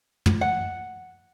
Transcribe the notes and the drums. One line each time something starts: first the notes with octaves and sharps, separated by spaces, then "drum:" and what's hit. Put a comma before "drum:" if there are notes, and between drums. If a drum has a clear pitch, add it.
drum: tom
F#5